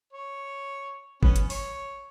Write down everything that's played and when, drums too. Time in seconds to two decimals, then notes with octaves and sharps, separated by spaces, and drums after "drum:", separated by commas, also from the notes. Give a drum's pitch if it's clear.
0.13 C#5
1.23 B3 C#4, drum: kick G1
1.36 drum: hi-hat
1.50 C#5, drum: open hi-hat